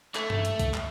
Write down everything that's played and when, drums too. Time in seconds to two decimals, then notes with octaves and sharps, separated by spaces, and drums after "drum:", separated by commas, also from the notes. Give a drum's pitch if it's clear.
0.15 A3, drum: clap
0.30 drum: tom G2
0.45 drum: hi-hat
0.60 drum: kick C2, hi-hat
0.74 drum: clap